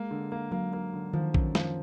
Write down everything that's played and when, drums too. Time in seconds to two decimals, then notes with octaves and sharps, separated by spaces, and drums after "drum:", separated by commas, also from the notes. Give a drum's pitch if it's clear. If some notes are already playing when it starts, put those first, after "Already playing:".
Already playing: G#3 A#3
0.11 D3
0.32 A#3
0.52 F#3 A#3
0.73 A#3
0.94 D3
1.13 D#3 F3
1.34 F#2, drum: kick A#1
1.55 F3, drum: snare